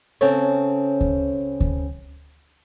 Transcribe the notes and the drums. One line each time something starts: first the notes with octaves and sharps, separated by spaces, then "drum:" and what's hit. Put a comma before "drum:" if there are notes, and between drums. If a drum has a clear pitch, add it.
C#3 C4 C#4 A4 C#5
drum: kick D2
drum: kick D2